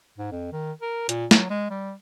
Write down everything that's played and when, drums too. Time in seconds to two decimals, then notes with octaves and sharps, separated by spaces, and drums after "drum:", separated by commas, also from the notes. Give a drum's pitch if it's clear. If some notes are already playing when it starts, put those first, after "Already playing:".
0.18 G#2
0.31 F2
0.52 D#3
0.82 A#4
1.09 A#2, drum: hi-hat
1.31 F#3, drum: snare
1.50 G#3
1.70 G3